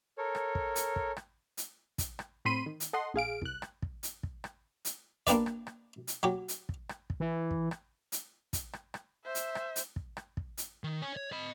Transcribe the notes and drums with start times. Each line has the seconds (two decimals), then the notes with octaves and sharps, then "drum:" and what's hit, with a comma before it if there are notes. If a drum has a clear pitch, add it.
0.18 A4 A#4 C#5
0.35 drum: rim click
0.55 drum: kick
0.76 drum: hi-hat
0.96 drum: kick
1.17 drum: rim click
1.57 drum: hi-hat
1.98 drum: kick, hi-hat
2.19 drum: rim click
2.45 A2 C4 B5 C6 D#7
2.66 D#3
2.80 drum: hi-hat
2.93 A4 D#5 F#5 C6
3.14 A#1 G#4 F5 D7
3.42 C2 F#6, drum: kick
3.62 drum: rim click
3.82 drum: kick
4.03 drum: hi-hat
4.23 drum: kick
4.44 drum: rim click
4.85 drum: hi-hat
5.27 A#3 D4 G4 B4 D5, drum: kick, hi-hat
5.46 drum: rim click
5.67 drum: rim click
6.07 drum: hi-hat
6.23 F#3 G4
6.48 drum: hi-hat
6.69 drum: kick
6.89 drum: rim click
7.10 drum: kick
7.20 E3
7.51 drum: kick
7.71 drum: rim click
8.12 drum: hi-hat
8.53 drum: kick, hi-hat
8.73 drum: rim click
8.94 drum: rim click
9.25 C5 E5
9.35 drum: hi-hat
9.55 drum: rim click
9.76 drum: hi-hat
9.96 drum: kick
10.17 drum: rim click
10.37 drum: kick
10.58 drum: hi-hat
10.84 D#3
11.02 C#5 G#5
11.16 C#5
11.32 D#5 B5